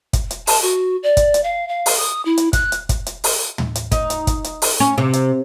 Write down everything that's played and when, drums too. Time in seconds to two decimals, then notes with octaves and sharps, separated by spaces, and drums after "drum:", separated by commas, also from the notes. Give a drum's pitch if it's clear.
0.13 drum: kick, hi-hat
0.31 drum: hi-hat
0.47 A5, drum: open hi-hat
0.62 F#4
1.03 D5
1.17 drum: kick, hi-hat
1.34 drum: hi-hat
1.44 F5
1.68 F5
1.86 drum: open hi-hat
1.97 D#6
2.25 E4
2.37 drum: hi-hat
2.53 F#6, drum: kick, hi-hat
2.72 drum: hi-hat
2.89 drum: kick, hi-hat
3.06 drum: hi-hat
3.24 drum: open hi-hat
3.58 drum: tom
3.75 drum: hi-hat
3.92 D#4, drum: kick, hi-hat
4.10 drum: hi-hat
4.27 drum: kick, hi-hat
4.44 drum: hi-hat
4.62 drum: open hi-hat
4.80 C#4
4.98 C3
5.13 drum: hi-hat